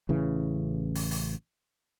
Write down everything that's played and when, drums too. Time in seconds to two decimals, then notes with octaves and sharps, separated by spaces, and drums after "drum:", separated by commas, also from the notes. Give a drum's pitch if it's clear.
0.09 A1 C#3 E3
0.95 drum: open hi-hat
1.11 drum: open hi-hat